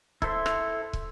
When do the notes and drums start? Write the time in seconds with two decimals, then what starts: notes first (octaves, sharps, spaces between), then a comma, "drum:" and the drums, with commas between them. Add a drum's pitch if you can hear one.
0.22 E4 A4 C5 E5, drum: kick
0.46 drum: rim click
0.93 drum: kick